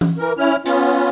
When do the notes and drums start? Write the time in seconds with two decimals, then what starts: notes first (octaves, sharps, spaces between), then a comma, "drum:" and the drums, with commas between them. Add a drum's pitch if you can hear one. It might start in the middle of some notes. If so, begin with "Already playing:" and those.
0.01 drum: tom E3
0.18 E3 A#4
0.38 C#4 E4 F6
0.65 B3 C#4 F4, drum: hi-hat